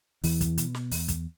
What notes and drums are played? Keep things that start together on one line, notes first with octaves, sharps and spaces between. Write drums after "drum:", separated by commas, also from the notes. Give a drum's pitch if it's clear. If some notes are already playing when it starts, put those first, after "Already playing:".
E2 E3, drum: open hi-hat
drum: kick, hi-hat
B2, drum: hi-hat
drum: snare
E2, drum: open hi-hat
drum: kick, hi-hat